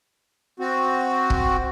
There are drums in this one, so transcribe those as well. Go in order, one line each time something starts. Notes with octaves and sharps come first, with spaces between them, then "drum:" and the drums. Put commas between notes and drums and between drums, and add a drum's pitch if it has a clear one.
C4 F#4
drum: kick